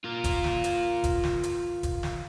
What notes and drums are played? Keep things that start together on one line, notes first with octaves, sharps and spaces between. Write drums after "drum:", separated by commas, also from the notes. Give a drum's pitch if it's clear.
F4 A#4
drum: kick E1, hi-hat
drum: snare
drum: hi-hat
drum: kick E1, hi-hat
drum: snare
drum: hi-hat
drum: kick E1, hi-hat
drum: snare